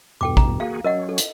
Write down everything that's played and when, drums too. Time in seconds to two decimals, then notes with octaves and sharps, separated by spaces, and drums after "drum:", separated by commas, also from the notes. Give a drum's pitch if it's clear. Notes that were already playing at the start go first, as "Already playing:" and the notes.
0.21 E2 G2 B2 A4 G5 D6
0.37 A#5, drum: kick A1
0.60 A#3 F#4 G#4 F5
0.84 F#3 C#4 A#4 D#5 F#5
1.09 A4
1.18 drum: hi-hat